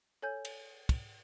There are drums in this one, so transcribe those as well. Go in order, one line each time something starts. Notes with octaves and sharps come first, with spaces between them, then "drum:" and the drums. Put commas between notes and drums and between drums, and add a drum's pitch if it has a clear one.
A4 C#5 G#5 G6
drum: cymbal
drum: kick, cymbal